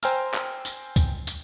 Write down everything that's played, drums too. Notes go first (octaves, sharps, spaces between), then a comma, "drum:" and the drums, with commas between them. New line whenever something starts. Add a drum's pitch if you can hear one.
C5 G5 G#5 A#5 E6 F6, drum: tambourine
drum: clap
drum: tambourine
drum: kick, tambourine
drum: tambourine